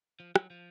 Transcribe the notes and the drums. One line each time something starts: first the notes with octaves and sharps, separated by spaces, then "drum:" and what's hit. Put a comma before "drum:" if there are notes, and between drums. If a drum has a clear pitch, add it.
F3
F#3, drum: rim click
F3